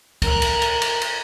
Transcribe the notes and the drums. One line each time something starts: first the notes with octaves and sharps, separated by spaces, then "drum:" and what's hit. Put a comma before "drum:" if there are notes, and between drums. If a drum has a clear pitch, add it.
A#4 F#6, drum: kick, cymbal
drum: cymbal
drum: cymbal
drum: cymbal
drum: cymbal